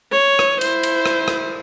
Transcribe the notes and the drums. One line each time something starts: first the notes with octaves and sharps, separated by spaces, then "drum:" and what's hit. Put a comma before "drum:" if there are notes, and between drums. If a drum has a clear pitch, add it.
C#5
drum: rim click
E4 C5, drum: cymbal
drum: cymbal
drum: rim click
drum: rim click